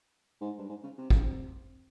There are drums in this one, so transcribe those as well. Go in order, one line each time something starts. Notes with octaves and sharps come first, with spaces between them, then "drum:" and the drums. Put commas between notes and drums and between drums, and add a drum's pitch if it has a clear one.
G#2
G2
G#2
C#3
C3
C#3, drum: kick
C3